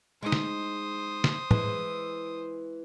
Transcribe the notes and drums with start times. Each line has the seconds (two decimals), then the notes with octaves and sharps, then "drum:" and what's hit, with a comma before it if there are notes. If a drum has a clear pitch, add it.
0.23 G#3 D#4 C5 D#6
0.32 drum: snare
1.24 drum: snare
1.51 E3 G#3, drum: tom